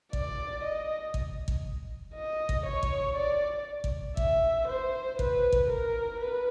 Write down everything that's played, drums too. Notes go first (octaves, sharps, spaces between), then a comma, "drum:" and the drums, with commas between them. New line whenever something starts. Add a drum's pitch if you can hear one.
D5, drum: kick
D#5
drum: kick
drum: kick
D#5
drum: kick
C#5
drum: kick
D5
drum: kick
E5, drum: kick
C5
B4, drum: kick
drum: kick
A#4
B4